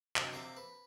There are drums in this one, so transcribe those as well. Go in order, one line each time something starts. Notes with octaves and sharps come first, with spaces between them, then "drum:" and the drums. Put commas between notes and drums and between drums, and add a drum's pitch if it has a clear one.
F#2 C3 D4 D#5, drum: clap
C3 A#3 E5 D6
B4